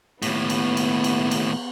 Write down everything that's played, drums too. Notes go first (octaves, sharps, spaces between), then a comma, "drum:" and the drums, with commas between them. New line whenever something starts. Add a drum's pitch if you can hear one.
D#2 A2 B3, drum: cymbal
drum: cymbal
drum: cymbal
drum: cymbal
drum: cymbal